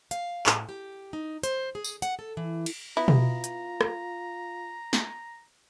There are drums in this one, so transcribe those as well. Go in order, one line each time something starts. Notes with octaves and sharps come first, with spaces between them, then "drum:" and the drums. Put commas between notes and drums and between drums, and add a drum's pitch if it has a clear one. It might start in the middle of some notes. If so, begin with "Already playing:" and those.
F5, drum: hi-hat
A2, drum: clap
G4
D#4
C5, drum: hi-hat
G#4
drum: tambourine
F#5, drum: hi-hat
A4
E3
drum: cymbal
B3 E4 F4 A#5
drum: tom B2
drum: hi-hat
drum: rim click
drum: snare